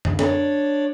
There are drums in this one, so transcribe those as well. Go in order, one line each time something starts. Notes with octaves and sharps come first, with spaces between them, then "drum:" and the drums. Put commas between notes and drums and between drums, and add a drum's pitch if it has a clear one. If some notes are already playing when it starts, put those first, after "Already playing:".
drum: tom F#2
D4 C#5 D5, drum: snare